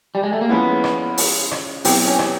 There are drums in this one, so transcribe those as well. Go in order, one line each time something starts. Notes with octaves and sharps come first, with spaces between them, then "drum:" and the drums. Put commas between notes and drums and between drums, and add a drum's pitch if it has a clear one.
G3
G#3
A3
A#3
F3 G#3 B3 C#4 E4
drum: rim click
drum: open hi-hat
drum: rim click
B2 F#3 B3 C4 E4 G4, drum: open hi-hat
C#4
drum: rim click